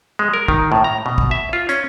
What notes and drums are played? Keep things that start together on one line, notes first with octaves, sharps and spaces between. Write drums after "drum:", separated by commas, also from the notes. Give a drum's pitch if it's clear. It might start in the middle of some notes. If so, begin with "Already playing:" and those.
G#3
A#4
D#3, drum: kick
A2
A#5
B2
drum: kick
E5
F4
C#4, drum: hi-hat